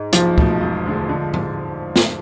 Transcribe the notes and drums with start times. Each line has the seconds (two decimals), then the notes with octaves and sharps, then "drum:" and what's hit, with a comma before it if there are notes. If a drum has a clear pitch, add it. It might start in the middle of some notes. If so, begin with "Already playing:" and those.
Already playing: G#2
0.13 B1 F3, drum: hi-hat
0.38 B2 A3, drum: kick
0.61 E1
0.85 D2 D3 G#3
1.09 D3
1.34 F3, drum: tom A2
1.96 drum: snare